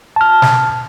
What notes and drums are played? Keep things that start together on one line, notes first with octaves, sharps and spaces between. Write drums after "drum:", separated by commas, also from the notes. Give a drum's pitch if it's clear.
A5 F6
drum: snare